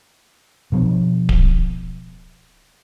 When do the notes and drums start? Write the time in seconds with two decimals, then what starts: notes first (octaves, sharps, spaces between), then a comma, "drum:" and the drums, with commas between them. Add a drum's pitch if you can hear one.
0.72 B2 F3 B3
1.29 drum: kick D1